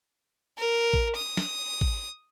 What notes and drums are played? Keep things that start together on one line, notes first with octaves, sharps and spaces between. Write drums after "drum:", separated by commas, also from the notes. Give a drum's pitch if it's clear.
A#4
drum: kick
D#6
drum: snare
drum: kick